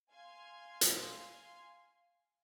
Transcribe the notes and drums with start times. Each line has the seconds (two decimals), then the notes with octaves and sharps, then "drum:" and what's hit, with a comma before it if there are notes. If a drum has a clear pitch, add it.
0.12 F5 G#5 C6 G#6
0.81 drum: hi-hat